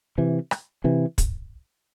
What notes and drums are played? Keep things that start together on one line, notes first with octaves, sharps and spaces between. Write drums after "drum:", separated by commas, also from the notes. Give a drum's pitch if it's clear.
C3 E3
drum: rim click
C3 E3
drum: kick, hi-hat